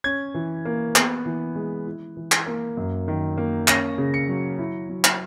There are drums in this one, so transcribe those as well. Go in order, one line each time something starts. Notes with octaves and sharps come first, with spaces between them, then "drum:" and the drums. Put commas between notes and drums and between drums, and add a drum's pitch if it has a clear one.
C#4 G#6
E3
A#3
B3, drum: clap
E3
G#3
E4
E3
drum: clap
A#3
F#2
D#3
A#3
C#4 A#6, drum: clap
C#3
C#7
F#3
E4
F#3
drum: clap